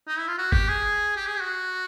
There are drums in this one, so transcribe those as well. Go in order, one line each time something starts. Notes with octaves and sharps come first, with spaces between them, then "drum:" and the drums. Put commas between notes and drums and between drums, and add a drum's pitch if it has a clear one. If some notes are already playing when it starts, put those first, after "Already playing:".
D#4
E4
F4
F#4
G4, drum: kick G1
G#4
G4
G#4
G4
F#4